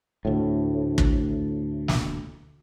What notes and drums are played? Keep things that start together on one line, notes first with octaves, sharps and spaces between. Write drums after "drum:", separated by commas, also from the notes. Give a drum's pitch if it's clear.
D2 A2
drum: kick
drum: snare